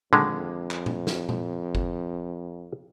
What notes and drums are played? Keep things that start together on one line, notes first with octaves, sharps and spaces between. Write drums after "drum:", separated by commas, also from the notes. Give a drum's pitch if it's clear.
F2 D3 D#3 G#3, drum: tom A#2
drum: clap
drum: tom A#2
drum: snare
drum: tom
drum: kick G1